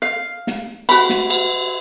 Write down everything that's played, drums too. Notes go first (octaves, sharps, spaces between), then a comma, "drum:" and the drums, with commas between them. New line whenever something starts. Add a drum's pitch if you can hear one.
F5
drum: snare
F#4 B5, drum: cymbal
drum: snare
drum: cymbal